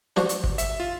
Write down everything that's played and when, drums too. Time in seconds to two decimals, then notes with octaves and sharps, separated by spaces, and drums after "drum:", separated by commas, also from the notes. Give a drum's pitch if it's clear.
0.16 D4 F#4 C5, drum: snare
0.29 drum: hi-hat
0.44 drum: kick
0.58 E5, drum: hi-hat
0.80 F4